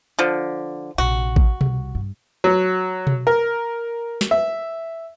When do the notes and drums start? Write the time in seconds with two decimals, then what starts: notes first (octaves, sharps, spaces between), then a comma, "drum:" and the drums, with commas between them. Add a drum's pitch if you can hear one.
0.19 D3 F3
0.98 A#1 C3 F#4
1.36 drum: kick A1
1.61 C2, drum: tom B2
1.95 G2
2.44 F#3
3.07 drum: tom B2
3.27 A#4
4.21 drum: snare
4.31 E5